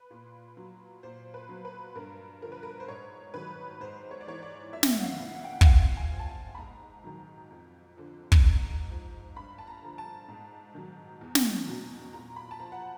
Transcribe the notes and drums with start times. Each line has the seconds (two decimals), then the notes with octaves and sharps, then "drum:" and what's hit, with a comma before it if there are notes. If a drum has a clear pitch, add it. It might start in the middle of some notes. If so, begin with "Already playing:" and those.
Already playing: B4
0.11 A#2
0.57 F#3
1.03 A#2 C5
1.34 B4
1.49 F#3
1.65 B4
1.95 G2 A#4
2.41 D3 F3 A#4
2.52 B4
2.63 A#4
2.80 C5
2.88 G#2 C#5
3.34 D#3 F#3 B4
3.80 G#2 C5
4.11 C#5
4.21 D5
4.27 E3 C#5
4.42 D5
4.73 F2 E5
4.83 drum: snare
4.99 F#5
5.04 F5
5.19 C#3 E3
5.35 F#5
5.44 G5
5.53 F#5
5.61 E5, drum: kick
5.65 A#2 F5
5.97 G#5
6.12 F3
6.19 A5
6.27 G#5
6.55 B5
6.58 G#2 A#5
7.04 D#3 F#3
7.50 F2
7.97 D3 F3
8.32 drum: kick
8.44 G#2
8.90 F3
9.36 G2 B5
9.58 A5
9.67 A#5
9.82 D3 F3
9.98 A5
10.28 G#2
10.74 D#3 F#3
11.21 E2
11.35 drum: snare
11.67 B2 F#3
12.13 A#2 A#5
12.36 B5
12.51 A5
12.59 F3 A#5
12.72 F#5